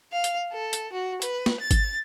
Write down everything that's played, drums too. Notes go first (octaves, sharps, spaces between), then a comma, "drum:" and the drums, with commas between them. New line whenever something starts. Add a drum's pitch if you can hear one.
F5
drum: hi-hat
A4
drum: hi-hat
F#4
B4, drum: hi-hat
drum: snare
A6
drum: kick G#1, hi-hat